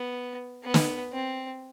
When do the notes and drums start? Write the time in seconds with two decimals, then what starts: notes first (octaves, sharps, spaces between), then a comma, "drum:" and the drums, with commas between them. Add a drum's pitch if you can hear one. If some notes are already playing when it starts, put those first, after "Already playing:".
Already playing: B3
0.63 B3
0.74 drum: snare
1.13 C4